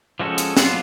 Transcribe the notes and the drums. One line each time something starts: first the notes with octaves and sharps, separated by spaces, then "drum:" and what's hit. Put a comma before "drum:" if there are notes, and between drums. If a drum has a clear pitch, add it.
F3 G#3 C#4 F#4 A4
drum: hi-hat
F#3 B3 D4 F4, drum: snare